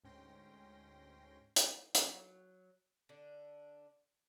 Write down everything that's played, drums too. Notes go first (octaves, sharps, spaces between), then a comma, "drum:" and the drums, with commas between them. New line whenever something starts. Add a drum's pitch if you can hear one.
D2 G#2 C#4 G5 C6 A#6
drum: hi-hat
F#3, drum: hi-hat
D3 D4